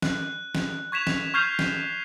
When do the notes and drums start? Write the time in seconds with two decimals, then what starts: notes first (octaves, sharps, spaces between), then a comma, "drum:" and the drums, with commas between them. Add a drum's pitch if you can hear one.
0.02 F#6, drum: snare
0.55 drum: snare
0.92 C#6 G#6 B6 E7 F7
1.07 drum: snare
1.34 C#6 F6 G6 G#6 C7 F7
1.59 drum: snare